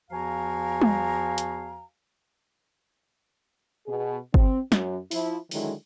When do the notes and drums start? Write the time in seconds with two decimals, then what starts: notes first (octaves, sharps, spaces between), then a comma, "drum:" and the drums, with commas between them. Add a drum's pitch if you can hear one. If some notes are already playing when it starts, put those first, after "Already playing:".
0.10 E2 F3 F#4 F5 G#5 A#5
0.81 drum: tom G3
1.38 drum: hi-hat
3.87 B2 G#4
4.34 C4, drum: kick G1
4.72 F#2, drum: snare
5.11 F3 E4, drum: open hi-hat
5.51 D3 D#3 F#3 G#3 E4, drum: open hi-hat